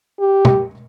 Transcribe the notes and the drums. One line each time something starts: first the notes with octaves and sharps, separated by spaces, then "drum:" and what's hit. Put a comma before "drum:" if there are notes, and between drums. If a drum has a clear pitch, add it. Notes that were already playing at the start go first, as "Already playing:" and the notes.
G4
drum: tom